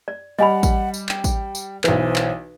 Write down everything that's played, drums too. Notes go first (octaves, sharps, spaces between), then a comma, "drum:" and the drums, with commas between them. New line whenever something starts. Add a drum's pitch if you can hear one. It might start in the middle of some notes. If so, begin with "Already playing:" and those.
D5
G3 D#5 F#5 G#5 B5
drum: kick A1, tambourine
drum: tambourine
G5, drum: clap
drum: kick A1, tambourine
drum: tambourine
B1 E3 B4 C5, drum: clap
drum: clap